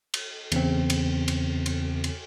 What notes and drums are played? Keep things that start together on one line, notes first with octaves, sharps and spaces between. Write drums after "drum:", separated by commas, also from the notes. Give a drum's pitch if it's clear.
drum: cymbal
E2 C#3 C4, drum: cymbal
drum: cymbal
drum: cymbal
drum: cymbal
drum: cymbal